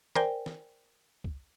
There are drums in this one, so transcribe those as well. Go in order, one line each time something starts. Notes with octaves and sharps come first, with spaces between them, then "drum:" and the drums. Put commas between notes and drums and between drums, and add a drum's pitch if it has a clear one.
A#4 C5 D5 G5 G#5, drum: snare
drum: snare
drum: kick